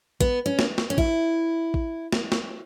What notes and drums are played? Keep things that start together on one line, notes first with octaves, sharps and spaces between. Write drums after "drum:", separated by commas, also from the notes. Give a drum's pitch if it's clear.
B3, drum: kick A1
C#4
drum: snare
drum: snare
C#4
E4, drum: kick A1
drum: kick A1
drum: snare
drum: snare